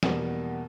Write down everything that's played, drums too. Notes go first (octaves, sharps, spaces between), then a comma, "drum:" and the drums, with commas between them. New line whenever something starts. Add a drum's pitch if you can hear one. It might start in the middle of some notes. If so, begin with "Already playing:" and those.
E2 B2 G3 A#3, drum: snare